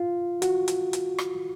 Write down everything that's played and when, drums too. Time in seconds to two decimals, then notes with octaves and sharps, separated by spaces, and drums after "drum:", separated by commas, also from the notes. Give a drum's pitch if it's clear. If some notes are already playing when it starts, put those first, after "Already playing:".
Already playing: F4
0.42 F#4, drum: hi-hat
0.68 drum: hi-hat
0.93 drum: hi-hat
1.18 drum: rim click